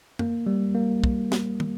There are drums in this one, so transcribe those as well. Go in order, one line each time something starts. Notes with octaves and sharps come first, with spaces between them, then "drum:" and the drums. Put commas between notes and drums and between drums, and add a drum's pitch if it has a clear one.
A#3, drum: tom
G3
A#3
drum: kick
drum: snare
drum: tom